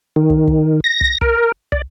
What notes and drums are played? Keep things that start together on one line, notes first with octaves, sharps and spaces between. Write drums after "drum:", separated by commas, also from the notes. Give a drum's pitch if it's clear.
D#3
drum: kick
drum: kick
A#6
drum: kick
A#4, drum: kick
D5, drum: kick